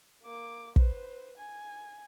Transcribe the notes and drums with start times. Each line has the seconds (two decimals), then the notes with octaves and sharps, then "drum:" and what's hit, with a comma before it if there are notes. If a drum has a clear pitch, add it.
0.23 A#3 D6
0.76 B4 C5, drum: kick
1.37 G#5